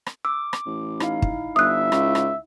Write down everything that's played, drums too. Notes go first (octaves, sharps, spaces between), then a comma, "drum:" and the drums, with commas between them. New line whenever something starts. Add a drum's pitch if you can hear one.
drum: rim click
D6 E6
drum: rim click
A1
D#4 E4 F5, drum: rim click
drum: kick
G1 E5 D#6 F#6
C#2, drum: rim click
drum: rim click